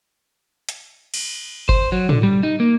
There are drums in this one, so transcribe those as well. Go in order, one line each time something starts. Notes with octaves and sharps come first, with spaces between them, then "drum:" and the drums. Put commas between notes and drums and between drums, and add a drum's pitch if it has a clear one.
drum: hi-hat
drum: cymbal
C5, drum: kick G1
F#3
D3, drum: tom
G3
D#4
A#3